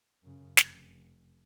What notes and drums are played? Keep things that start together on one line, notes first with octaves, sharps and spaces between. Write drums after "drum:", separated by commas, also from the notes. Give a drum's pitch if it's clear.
F#2 C#3
F1, drum: snare